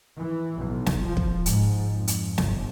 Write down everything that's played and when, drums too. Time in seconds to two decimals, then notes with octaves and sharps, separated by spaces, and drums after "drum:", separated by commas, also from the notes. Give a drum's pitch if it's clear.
0.16 E3
0.62 B1
0.86 drum: snare
1.02 F3
1.17 drum: kick
1.46 G#2, drum: hi-hat
1.96 F2
2.08 drum: hi-hat
2.38 G1, drum: snare